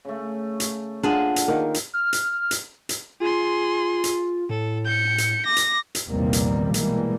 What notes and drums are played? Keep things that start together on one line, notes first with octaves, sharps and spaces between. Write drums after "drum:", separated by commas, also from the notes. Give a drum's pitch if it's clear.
C#3 A3
drum: hi-hat
A#2 D3 D4 F4 G#4 F#5
drum: hi-hat
D#3 A#3
drum: hi-hat
F6
drum: hi-hat
drum: hi-hat
drum: hi-hat
F4 G#4 C6
drum: hi-hat
A2 A4
G6 C#7
drum: hi-hat
D6 A#6
drum: hi-hat
drum: hi-hat
A#1 E2 C3 D#3 G3 A#3
drum: hi-hat
B2 E3 G3 G#3 A#3, drum: hi-hat